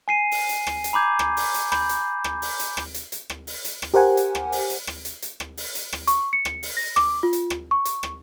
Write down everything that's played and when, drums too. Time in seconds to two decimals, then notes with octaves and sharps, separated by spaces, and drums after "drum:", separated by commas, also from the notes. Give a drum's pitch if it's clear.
0.08 G#5 C7 D#7
0.32 drum: open hi-hat
0.49 drum: hi-hat
0.67 drum: rim click
0.84 drum: hi-hat
0.93 A#5 B5 D6 G6 G#6
1.19 drum: rim click
1.37 drum: open hi-hat
1.54 drum: hi-hat
1.72 B5 G6, drum: rim click
1.89 drum: hi-hat
2.24 drum: rim click
2.42 drum: open hi-hat
2.59 drum: hi-hat
2.77 drum: rim click
2.94 drum: hi-hat
3.12 drum: hi-hat
3.30 drum: rim click
3.47 drum: open hi-hat
3.65 drum: hi-hat
3.82 drum: rim click
3.94 G4 A#4 C5 F#5 G#5
4.17 drum: hi-hat
4.35 drum: rim click
4.52 drum: open hi-hat
4.70 drum: hi-hat
4.87 drum: rim click
5.05 drum: hi-hat
5.22 drum: hi-hat
5.40 drum: rim click
5.57 drum: open hi-hat
5.75 drum: hi-hat
5.93 drum: rim click
6.07 C#6, drum: hi-hat
6.33 C#7
6.45 drum: rim click
6.63 drum: open hi-hat
6.77 A#6
6.96 D6, drum: rim click
7.23 F4
7.33 drum: hi-hat
7.50 drum: rim click
7.71 C#6
7.85 drum: hi-hat
8.03 drum: rim click